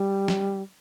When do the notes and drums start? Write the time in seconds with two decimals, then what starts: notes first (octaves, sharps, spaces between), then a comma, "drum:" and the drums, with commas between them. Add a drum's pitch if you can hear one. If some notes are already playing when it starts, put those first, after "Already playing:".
Already playing: G3
0.28 drum: snare